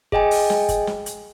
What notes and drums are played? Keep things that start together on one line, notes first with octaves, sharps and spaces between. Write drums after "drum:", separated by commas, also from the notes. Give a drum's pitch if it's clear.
G#4 D#5 G5 G#5, drum: kick F#1
drum: open hi-hat
drum: snare
drum: kick F#1, hi-hat
drum: snare
drum: hi-hat